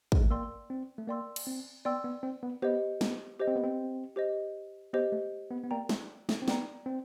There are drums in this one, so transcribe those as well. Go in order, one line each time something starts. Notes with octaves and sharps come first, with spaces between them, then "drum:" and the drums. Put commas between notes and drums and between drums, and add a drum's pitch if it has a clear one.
G#3, drum: kick
A3
A#3 D5 G5 C6 E6
C4
A3
A#3 D5 G5 C6 E6
drum: cymbal
C4
B3 D5 G5 C6 E6
B3
C4
B3
B3 G4 C5 D#5
B3, drum: snare
G4 C5 D#5
C4
B3
C4
G4 C5 D#5
B3 G4 C5 D#5
A3
B3
B3
A#3 D5 G5 A#5
A3, drum: snare
A3, drum: snare
C4
B3 D5 G5 A#5, drum: snare
C4